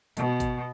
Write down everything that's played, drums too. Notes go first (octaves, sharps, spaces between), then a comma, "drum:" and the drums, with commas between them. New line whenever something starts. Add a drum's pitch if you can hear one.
B2, drum: hi-hat
drum: kick, hi-hat